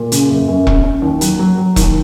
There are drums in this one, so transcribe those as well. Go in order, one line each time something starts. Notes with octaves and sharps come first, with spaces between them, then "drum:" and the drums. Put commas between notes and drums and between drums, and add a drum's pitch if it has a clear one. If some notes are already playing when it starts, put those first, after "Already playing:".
Already playing: A#2
C#3, drum: hi-hat
F#2
F#2
C#4, drum: kick E1
C#4
D#2
F#3, drum: hi-hat
F#3
F#3
D#2, drum: kick E1, hi-hat